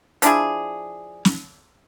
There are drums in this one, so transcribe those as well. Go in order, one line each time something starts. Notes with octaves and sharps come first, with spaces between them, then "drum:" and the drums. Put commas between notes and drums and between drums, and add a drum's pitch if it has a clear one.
F3 D4 E4 G#4, drum: hi-hat
drum: snare